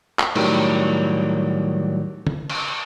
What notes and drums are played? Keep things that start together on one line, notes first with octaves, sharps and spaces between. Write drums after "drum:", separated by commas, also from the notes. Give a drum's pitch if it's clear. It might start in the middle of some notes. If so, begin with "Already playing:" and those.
drum: clap
A2 D#3 F#3 G3, drum: cymbal
drum: tom
drum: cymbal